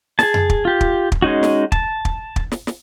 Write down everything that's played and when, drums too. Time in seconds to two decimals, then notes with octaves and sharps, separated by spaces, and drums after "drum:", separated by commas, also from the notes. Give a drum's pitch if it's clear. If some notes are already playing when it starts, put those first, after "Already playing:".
0.19 G#4 A5, drum: snare
0.34 drum: tom F2
0.50 drum: kick
0.65 F4 G4
0.81 drum: kick
1.12 drum: kick
1.22 G#3 C#4 D#4 F#4
1.43 drum: snare
1.72 A5, drum: kick
2.05 drum: kick
2.36 drum: kick
2.52 drum: snare
2.67 drum: snare